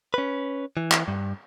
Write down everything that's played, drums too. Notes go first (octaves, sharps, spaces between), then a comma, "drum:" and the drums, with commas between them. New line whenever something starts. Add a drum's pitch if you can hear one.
C#4 B4
E3
drum: clap
G2